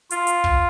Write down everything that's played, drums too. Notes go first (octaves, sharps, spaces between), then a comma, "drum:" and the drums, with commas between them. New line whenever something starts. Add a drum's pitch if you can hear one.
F4, drum: hi-hat
drum: hi-hat
drum: kick